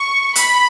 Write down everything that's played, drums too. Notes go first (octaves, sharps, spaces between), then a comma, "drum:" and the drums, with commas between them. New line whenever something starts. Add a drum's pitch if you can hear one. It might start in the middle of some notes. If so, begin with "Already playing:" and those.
Already playing: C#6
B5, drum: hi-hat